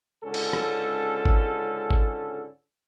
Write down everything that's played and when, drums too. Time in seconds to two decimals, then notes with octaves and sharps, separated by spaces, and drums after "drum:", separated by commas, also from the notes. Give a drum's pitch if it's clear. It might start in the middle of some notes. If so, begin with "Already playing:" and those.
0.24 C#2 G#2 D3 C#4 A4
0.34 drum: cymbal
0.53 drum: rim click
1.25 drum: kick G#1
1.91 drum: kick G#1